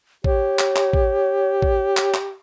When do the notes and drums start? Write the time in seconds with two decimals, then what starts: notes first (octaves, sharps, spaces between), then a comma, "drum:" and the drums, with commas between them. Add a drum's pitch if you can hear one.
0.24 G4 C#5, drum: kick
0.59 drum: clap
0.76 drum: clap
0.93 drum: kick
1.62 drum: kick
1.97 drum: clap
2.14 drum: clap